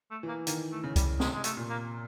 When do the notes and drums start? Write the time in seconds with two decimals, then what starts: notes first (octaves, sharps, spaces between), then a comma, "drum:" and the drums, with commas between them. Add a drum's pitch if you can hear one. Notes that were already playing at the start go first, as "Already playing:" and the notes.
0.11 A3
0.23 E3
0.28 A#3
0.47 D#3 A#3, drum: hi-hat
0.72 A3
0.83 C#3
0.96 G3, drum: kick C2, hi-hat
1.20 C3 G#3, drum: snare
1.33 G#3
1.44 A3, drum: hi-hat
1.57 A#2
1.69 A#3